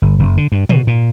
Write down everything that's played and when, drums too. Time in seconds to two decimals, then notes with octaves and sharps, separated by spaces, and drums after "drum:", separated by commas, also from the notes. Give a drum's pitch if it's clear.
0.02 G1
0.19 F#1
0.37 D3
0.52 G2
0.69 B2, drum: tom
0.87 A#2